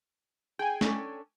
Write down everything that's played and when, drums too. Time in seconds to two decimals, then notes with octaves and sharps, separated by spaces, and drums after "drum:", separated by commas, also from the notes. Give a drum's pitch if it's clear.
0.59 G#4 G5 G#5
0.81 C#4 D4 A4, drum: snare